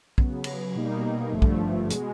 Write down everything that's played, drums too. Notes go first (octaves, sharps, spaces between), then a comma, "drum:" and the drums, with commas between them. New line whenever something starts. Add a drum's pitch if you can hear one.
C#3 F#3 B3, drum: kick
drum: cymbal
B2 G3 A#3 D#4
G#1 G2 D3 F3 A3
drum: kick
B2 G#3, drum: hi-hat